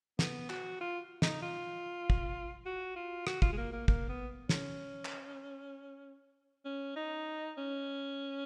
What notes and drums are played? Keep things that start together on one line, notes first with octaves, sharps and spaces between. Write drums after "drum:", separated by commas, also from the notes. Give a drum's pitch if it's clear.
B3, drum: snare
F#4, drum: clap
F4
D#4, drum: snare
F4
drum: kick
F#4
F4
F#4, drum: rim click
F4, drum: kick
G#3
A#3
A#3
A#3, drum: kick
B3
C#4, drum: snare
drum: clap
C#4
D#4
C#4